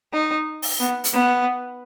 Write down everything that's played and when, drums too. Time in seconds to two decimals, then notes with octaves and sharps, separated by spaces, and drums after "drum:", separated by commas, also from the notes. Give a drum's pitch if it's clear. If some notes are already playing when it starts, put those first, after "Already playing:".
0.13 D#4
0.62 drum: open hi-hat
0.80 B3
1.04 drum: hi-hat
1.13 B3